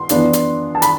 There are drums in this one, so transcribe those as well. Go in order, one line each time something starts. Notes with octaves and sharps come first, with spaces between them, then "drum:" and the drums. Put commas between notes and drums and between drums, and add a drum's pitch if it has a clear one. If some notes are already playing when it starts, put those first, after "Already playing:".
Already playing: C6
E3 B3 D4 F4, drum: hi-hat
drum: hi-hat
A5
B5, drum: hi-hat